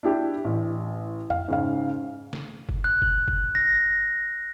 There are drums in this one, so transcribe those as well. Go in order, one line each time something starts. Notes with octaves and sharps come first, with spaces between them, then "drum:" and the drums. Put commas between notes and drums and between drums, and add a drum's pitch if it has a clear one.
D4 E4 G4
A1
F5, drum: tom F2
G#2 C#3 F5
drum: snare
drum: kick F#1
F#6
drum: kick F#1
drum: kick F#1
A#6